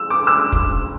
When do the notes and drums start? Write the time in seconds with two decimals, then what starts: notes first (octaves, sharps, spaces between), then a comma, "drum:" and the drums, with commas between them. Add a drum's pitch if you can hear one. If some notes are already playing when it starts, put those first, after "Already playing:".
Already playing: E6
0.10 D6
0.27 E6
0.52 drum: kick